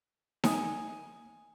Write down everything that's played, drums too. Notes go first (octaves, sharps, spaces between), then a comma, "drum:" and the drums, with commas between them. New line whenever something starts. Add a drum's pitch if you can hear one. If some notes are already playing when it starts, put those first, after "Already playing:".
G#5 D#6, drum: snare D#4